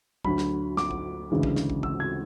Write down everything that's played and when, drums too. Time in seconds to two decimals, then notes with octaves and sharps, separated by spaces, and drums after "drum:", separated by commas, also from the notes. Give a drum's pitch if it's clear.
0.24 D2 D3 F#3 B5, drum: kick
0.38 drum: snare
0.77 D6, drum: snare
0.91 drum: kick
1.31 D2 C#3 E3 G#3
1.43 drum: kick
1.56 drum: snare
1.70 drum: kick
1.83 E6, drum: kick
2.00 G#6